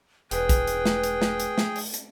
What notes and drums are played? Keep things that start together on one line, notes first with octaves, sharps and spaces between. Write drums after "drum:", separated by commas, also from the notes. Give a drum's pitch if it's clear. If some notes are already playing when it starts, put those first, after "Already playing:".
E1 G#4 B4 G5, drum: hi-hat
drum: kick A#1, hi-hat
drum: hi-hat
drum: snare
drum: hi-hat
drum: snare
drum: hi-hat
drum: snare
drum: open hi-hat
drum: hi-hat